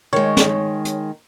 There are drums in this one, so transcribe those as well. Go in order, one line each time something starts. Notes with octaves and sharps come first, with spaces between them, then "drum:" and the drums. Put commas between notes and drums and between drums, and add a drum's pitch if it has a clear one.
D#3 G#3 C#5
drum: snare
drum: hi-hat